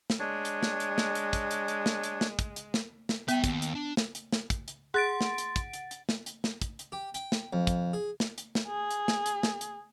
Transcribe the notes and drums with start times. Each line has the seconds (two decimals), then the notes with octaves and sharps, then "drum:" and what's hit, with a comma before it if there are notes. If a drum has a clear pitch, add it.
0.10 drum: snare
0.19 G#3 D4 C#5
0.45 drum: hi-hat
0.63 drum: snare
0.80 drum: hi-hat
0.98 drum: snare
1.15 drum: hi-hat
1.33 drum: kick, hi-hat
1.51 drum: hi-hat
1.68 drum: hi-hat
1.86 drum: snare
2.03 drum: hi-hat
2.21 drum: snare
2.39 drum: kick, hi-hat
2.56 drum: hi-hat
2.74 drum: snare
3.09 drum: snare
3.28 G3 B3 E5 G5, drum: hi-hat
3.44 D#2, drum: kick, hi-hat
3.62 drum: hi-hat
3.75 D4
3.97 drum: snare
4.15 drum: hi-hat
4.32 drum: snare
4.50 drum: kick, hi-hat
4.68 drum: hi-hat
4.94 G#4 F#5 C6 F#6 A6 D7
5.21 drum: snare
5.38 drum: hi-hat
5.56 drum: kick, hi-hat
5.73 drum: hi-hat
5.91 drum: hi-hat
6.09 drum: snare
6.26 drum: hi-hat
6.44 drum: snare
6.62 drum: kick, hi-hat
6.79 drum: hi-hat
6.92 G4
7.14 G5, drum: hi-hat
7.32 drum: snare
7.53 F2
7.67 drum: kick, hi-hat
7.93 G#4
8.20 drum: snare
8.38 drum: hi-hat
8.55 drum: snare
8.68 G#4
8.91 drum: hi-hat
9.08 drum: snare
9.26 drum: hi-hat
9.43 drum: snare
9.61 drum: hi-hat